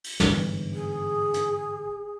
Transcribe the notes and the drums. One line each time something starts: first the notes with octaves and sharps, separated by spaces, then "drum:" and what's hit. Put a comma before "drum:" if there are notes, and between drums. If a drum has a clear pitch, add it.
drum: open hi-hat
G1 G#2 E3, drum: snare
G#4
drum: hi-hat